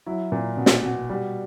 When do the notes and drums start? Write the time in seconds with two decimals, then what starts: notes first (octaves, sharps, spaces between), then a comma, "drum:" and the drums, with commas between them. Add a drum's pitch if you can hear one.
0.06 F#3 E4
0.32 A#2
0.57 B2 F#4
0.66 drum: snare
0.83 B2 F#4
1.09 G3 F#4